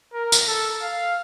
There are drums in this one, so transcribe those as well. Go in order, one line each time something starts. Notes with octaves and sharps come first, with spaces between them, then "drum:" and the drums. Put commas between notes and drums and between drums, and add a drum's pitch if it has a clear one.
A#4
drum: tambourine
A4
F5